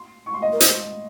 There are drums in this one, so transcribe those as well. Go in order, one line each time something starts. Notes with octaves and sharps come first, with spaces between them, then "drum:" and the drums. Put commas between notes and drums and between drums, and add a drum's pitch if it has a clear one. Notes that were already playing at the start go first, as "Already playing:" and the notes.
Already playing: C6
C#6
C6
D#5
A#4
C5, drum: hi-hat